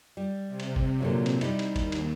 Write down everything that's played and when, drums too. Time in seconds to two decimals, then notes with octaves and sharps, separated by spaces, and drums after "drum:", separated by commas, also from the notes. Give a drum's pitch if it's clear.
0.17 G3
0.47 C3
0.60 drum: cymbal
0.76 drum: kick G1
1.01 A#2 D3 F#3
1.26 drum: cymbal
1.41 G3 D#4 E4, drum: cymbal
1.59 drum: cymbal
1.76 D#2, drum: kick G1, cymbal
1.92 drum: cymbal